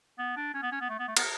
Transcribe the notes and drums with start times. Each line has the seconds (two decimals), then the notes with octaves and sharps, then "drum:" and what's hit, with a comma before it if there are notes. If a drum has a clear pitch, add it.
0.19 B3
0.37 D4
0.54 C#4
0.63 B3
0.72 C#4
0.81 B3
0.90 A3
0.99 B3
1.08 A3
1.17 B3, drum: cymbal